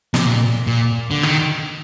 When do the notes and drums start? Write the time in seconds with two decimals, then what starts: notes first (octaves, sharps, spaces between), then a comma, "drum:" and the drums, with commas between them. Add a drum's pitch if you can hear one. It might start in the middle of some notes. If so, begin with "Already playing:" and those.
0.14 C3, drum: snare
0.25 A#2
0.67 A#2
1.11 D3
1.23 D#3, drum: rim click